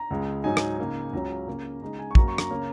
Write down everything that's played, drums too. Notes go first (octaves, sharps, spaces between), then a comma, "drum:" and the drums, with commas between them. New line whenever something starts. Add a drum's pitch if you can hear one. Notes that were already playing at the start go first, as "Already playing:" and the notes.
Already playing: A#5
C#2 C#3 G#3
G#2 F#3 D#4 G#5
drum: rim click
C#3 A#3 D#4
C#2 C#3 F#3 C#4 A#5
C#3 A#3 C#4
C#3 G#3 D#4 A#5
G#5
C#6
F#2 F#3 A#3 A#5, drum: kick
C#6
A#5, drum: rim click
C#3 A#3 C#4